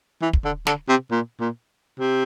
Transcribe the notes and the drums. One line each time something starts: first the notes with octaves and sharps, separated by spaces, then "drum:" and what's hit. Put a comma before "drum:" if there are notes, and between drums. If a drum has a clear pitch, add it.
E3
drum: kick
D3
D3, drum: snare
C3
A#2
A#2
C3